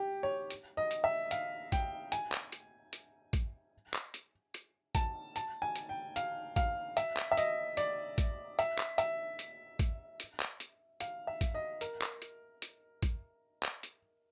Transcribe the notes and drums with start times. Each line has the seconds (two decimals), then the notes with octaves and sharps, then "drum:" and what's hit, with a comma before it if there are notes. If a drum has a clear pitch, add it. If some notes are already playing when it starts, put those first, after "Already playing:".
Already playing: G4
0.23 C#5
0.50 drum: hi-hat
0.77 D#5
0.91 drum: hi-hat
1.04 E5
1.31 F5, drum: hi-hat
1.72 G5, drum: kick A1, hi-hat
2.12 G#5, drum: hi-hat
2.32 drum: clap
2.52 drum: hi-hat
2.93 drum: hi-hat
3.33 drum: kick A1, hi-hat
3.94 drum: clap
4.14 drum: hi-hat
4.54 drum: hi-hat
4.95 A5, drum: kick A1, hi-hat
5.36 A5, drum: hi-hat
5.62 G#5
5.76 drum: hi-hat
5.89 G5
6.16 F5, drum: hi-hat
6.56 F5, drum: kick A1, hi-hat
6.97 E5, drum: hi-hat
7.17 drum: clap
7.32 E5
7.37 D#5, drum: hi-hat
7.77 D5, drum: hi-hat
8.18 drum: kick A1, hi-hat
8.59 E5, drum: hi-hat
8.78 drum: clap
8.98 E5, drum: hi-hat
9.39 drum: hi-hat
9.79 drum: kick A1, hi-hat
10.20 drum: hi-hat
10.40 drum: clap
10.60 drum: hi-hat
11.00 F5, drum: hi-hat
11.27 E5
11.41 drum: kick A1, hi-hat
11.55 D#5
11.81 A#4, drum: hi-hat
12.02 drum: clap
12.22 drum: hi-hat
12.62 drum: hi-hat
13.03 drum: kick A1, hi-hat
13.63 drum: clap
13.83 drum: hi-hat